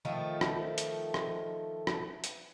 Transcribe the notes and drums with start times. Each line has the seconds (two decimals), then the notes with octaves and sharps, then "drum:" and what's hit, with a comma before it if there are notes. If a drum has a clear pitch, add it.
0.05 D#3 F3 A3
0.41 drum: rim click
0.78 drum: hi-hat
1.14 drum: rim click
1.87 drum: rim click
2.24 drum: hi-hat